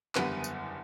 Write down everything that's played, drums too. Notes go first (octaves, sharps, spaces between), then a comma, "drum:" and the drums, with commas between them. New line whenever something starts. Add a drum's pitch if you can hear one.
F#1 E2 D3 G3 B3 B4, drum: clap
drum: tambourine